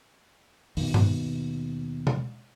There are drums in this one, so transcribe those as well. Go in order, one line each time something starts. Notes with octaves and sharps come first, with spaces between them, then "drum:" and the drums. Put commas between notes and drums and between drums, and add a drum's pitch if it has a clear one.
D#2 B2, drum: open hi-hat
drum: tom G2
drum: tom B2